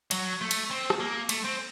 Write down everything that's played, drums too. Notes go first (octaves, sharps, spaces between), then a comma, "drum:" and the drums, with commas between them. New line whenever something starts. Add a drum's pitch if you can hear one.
F#3, drum: cymbal
A3
drum: cymbal
C4
drum: rim click
A#3
A3, drum: cymbal
C4